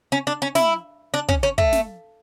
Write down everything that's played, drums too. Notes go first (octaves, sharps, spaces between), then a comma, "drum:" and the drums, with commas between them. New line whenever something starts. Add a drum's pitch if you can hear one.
C#4
D4
C#4
E4, drum: snare
D4
C#4, drum: kick
C#4
A3, drum: kick
drum: snare